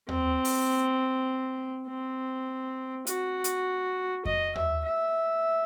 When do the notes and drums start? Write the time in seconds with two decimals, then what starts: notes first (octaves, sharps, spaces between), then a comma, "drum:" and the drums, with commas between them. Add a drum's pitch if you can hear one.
0.09 C4, drum: tom D#2
0.45 drum: open hi-hat
1.87 C4
3.07 F#4, drum: hi-hat
3.44 drum: hi-hat
4.25 D#5, drum: kick F2
4.55 E5, drum: tom D#2
4.86 E5